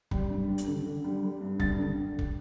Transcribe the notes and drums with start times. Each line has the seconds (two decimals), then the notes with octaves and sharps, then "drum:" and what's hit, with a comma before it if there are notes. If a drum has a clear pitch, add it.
0.11 G3, drum: kick
0.29 G2
0.49 G3
0.58 drum: hi-hat
0.67 D3
0.86 D3
1.04 G3
1.23 G3
1.41 G2
1.60 G3 A6, drum: kick
1.78 D3
2.19 drum: kick